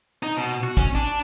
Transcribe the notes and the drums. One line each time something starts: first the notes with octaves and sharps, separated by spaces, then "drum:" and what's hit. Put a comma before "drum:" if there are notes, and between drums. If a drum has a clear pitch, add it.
D#4
B2
F#4
C#4, drum: kick, hi-hat
D4